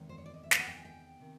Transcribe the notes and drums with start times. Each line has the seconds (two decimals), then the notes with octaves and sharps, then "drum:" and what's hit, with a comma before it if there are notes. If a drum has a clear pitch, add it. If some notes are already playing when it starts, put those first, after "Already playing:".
Already playing: E2 C3 D#3 G#3
0.09 C5
0.18 C#5
0.26 D5
0.34 D#5
0.43 E5
0.51 F5, drum: snare
0.59 F#5
0.68 G5
0.77 G#5
0.85 G5
1.20 C3 D#3